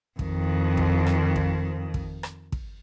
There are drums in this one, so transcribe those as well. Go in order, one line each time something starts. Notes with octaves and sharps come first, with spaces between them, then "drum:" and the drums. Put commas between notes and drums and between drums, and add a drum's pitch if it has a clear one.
F2 D#3, drum: kick
drum: kick
drum: rim click
drum: kick
drum: kick
drum: rim click
drum: kick